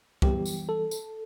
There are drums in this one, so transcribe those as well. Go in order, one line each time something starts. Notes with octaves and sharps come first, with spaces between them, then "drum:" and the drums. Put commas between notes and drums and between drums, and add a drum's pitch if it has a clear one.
E3 G3 B3 G4, drum: kick
drum: tambourine
A4
drum: tambourine